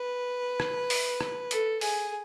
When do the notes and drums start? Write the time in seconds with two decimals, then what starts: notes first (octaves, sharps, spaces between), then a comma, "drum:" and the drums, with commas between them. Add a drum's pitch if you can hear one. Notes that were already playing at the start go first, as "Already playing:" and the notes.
Already playing: B4
0.60 drum: rim click
0.90 drum: open hi-hat
1.21 drum: rim click
1.51 A4, drum: hi-hat
1.81 G#4, drum: open hi-hat